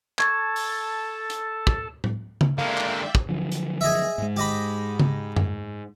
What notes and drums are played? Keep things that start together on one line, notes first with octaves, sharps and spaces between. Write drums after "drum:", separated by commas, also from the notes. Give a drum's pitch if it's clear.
A4 A5 C#6 G#6, drum: clap
drum: open hi-hat
drum: hi-hat
drum: kick
drum: tom A2
drum: tom C#3
D3 G#3 A#3 D5 E5 F5 G5
drum: clap
drum: kick
D3 F3 F#3
drum: hi-hat
G#4 D#5 E5
G#2 G#3
G4 D#5 B5
drum: tom C#3
drum: tom F#2